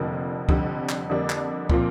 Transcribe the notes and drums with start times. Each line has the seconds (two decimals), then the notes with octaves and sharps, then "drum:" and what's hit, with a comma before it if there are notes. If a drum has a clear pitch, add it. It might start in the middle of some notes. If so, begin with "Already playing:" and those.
Already playing: F1 F2 D3 F3 A#3
0.49 F1 F2 D3 G3, drum: kick
0.89 drum: clap
1.09 F2 D3 G3 A#3 D4
1.30 drum: clap
1.70 A#2 F3 C4 F4, drum: kick